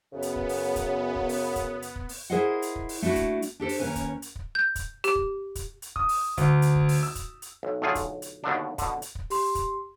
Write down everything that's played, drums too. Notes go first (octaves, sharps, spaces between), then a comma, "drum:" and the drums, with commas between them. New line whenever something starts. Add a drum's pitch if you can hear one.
F#2 C#3 B3
drum: hi-hat
drum: kick
drum: open hi-hat
drum: kick, hi-hat
drum: kick
drum: open hi-hat
drum: kick, hi-hat
drum: hi-hat
drum: kick
drum: open hi-hat
E4 G#4 A#4 C5 D#5 F#5
drum: hi-hat
drum: kick
drum: open hi-hat
A3 D4 E4 F#4
drum: kick, hi-hat
drum: hi-hat
D4 G4 A4 C5
drum: open hi-hat
D#2 B2 C#4 A#4 B4 G#5
drum: kick, hi-hat
drum: hi-hat
drum: kick
G6
drum: kick, hi-hat
G4, drum: hi-hat
drum: kick
drum: kick, hi-hat
drum: hi-hat
D#6, drum: kick
drum: open hi-hat
D2, drum: kick, hi-hat
drum: hi-hat
drum: kick
drum: open hi-hat
E6
drum: kick, hi-hat
drum: hi-hat
B1
B1 A2 D3 A3 F4 G#4
drum: kick, hi-hat
drum: hi-hat
D#2 B2 D3 D4
B2 D3, drum: kick, hi-hat
drum: hi-hat
drum: kick
G4 C6, drum: open hi-hat
drum: kick, hi-hat